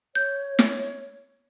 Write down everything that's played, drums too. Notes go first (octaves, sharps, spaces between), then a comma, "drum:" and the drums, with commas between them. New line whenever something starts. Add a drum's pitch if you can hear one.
C#5 G6
drum: snare